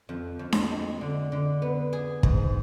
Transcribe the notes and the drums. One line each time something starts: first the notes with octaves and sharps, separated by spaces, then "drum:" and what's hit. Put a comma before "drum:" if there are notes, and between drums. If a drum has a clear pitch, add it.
F2
F2
drum: snare D4
G#3
D3
D3
B3
G#4
G#2, drum: kick